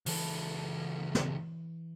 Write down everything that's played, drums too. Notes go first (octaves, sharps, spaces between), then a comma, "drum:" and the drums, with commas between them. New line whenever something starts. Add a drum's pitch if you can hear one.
C#2 E3 A4, drum: open hi-hat
drum: snare